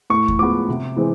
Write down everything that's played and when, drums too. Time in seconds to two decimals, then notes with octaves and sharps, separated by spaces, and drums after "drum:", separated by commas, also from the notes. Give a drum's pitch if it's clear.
0.10 A2 C#6
0.28 drum: kick D#2
0.39 F3 G#3 B3 D6
0.69 C3
0.96 E3 G#3 C4